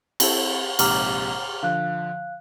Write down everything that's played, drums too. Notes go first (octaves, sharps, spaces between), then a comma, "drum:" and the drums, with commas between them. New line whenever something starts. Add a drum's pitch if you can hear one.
C4 E4 A4, drum: cymbal
A#1 G#2 C3 A#5 D6 F6, drum: cymbal
D3 F3 F5 F#6